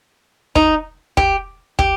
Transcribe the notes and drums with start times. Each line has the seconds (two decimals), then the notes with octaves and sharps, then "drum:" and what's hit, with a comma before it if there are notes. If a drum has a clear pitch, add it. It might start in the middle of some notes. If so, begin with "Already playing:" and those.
0.55 D#4, drum: kick
1.17 G4, drum: kick
1.79 G4, drum: kick